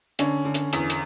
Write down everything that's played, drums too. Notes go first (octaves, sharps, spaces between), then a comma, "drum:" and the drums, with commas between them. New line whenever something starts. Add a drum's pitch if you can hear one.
D3 C#4, drum: hi-hat
D3
drum: hi-hat
E2, drum: hi-hat
drum: hi-hat